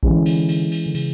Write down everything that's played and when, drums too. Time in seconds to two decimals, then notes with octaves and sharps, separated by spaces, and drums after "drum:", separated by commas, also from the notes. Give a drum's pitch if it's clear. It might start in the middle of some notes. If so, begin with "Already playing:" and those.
0.03 D3 E3 G#3 C#4, drum: kick A#1
0.26 drum: cymbal
0.49 drum: cymbal
0.72 drum: cymbal
0.86 D3
0.95 C#3, drum: cymbal